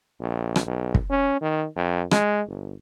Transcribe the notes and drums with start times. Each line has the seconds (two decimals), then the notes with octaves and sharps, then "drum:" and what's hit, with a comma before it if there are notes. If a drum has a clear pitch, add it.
0.20 A#1
0.56 drum: rim click
0.66 B1
0.95 drum: kick
1.10 C#4
1.41 D#3
1.76 F2
2.11 G#3, drum: rim click
2.47 G1